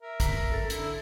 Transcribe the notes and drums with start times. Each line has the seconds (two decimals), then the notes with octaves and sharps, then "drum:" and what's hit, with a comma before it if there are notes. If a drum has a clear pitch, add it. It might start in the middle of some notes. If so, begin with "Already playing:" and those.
0.01 A#4 E5
0.20 A#5 B6, drum: kick, hi-hat
0.52 A4 A6
0.70 D3 E4, drum: hi-hat